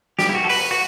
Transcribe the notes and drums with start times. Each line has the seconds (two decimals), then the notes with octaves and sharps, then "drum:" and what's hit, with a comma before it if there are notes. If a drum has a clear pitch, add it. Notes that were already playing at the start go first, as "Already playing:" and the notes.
0.19 G4, drum: snare
0.29 E4
0.35 F#4
0.44 A4
0.49 B4, drum: open hi-hat
0.71 F#4